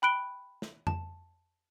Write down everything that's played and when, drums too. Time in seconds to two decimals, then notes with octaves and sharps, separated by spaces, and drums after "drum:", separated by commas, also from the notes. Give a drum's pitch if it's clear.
0.02 G5 B5 F#6 D7 G7
0.62 drum: snare
0.87 A5, drum: tom F2